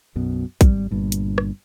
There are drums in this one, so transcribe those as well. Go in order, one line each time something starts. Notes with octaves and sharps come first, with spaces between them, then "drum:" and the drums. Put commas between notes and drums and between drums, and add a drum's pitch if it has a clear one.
B1 F#2 B2
G#1 C3 G3, drum: kick, hi-hat
G1 G2 A#2
drum: hi-hat
drum: rim click